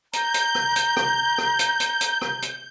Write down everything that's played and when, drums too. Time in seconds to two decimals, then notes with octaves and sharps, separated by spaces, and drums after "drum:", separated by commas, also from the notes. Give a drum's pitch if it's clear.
0.13 A#5 G6, drum: hi-hat
0.34 drum: hi-hat
0.55 drum: rim click
0.76 drum: hi-hat
0.97 drum: rim click
1.38 drum: rim click
1.59 drum: hi-hat
1.80 drum: hi-hat
2.01 drum: hi-hat
2.21 drum: rim click
2.42 drum: hi-hat